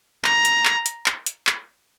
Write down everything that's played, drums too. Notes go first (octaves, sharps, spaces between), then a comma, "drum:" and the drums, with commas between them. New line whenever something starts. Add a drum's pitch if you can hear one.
A#5, drum: clap
drum: hi-hat
drum: clap
drum: hi-hat
drum: clap
drum: hi-hat
drum: clap